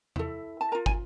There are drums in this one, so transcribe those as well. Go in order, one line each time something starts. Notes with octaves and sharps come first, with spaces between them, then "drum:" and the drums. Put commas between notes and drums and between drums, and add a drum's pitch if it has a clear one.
E4 A4, drum: tom E2
A5
F4 A#4 A#5
G#5, drum: kick